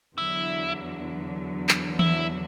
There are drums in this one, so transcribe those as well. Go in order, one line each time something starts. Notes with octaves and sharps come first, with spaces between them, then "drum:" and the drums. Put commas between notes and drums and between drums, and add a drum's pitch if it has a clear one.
E2 D3 F#3 E4
drum: clap
E4, drum: tom E3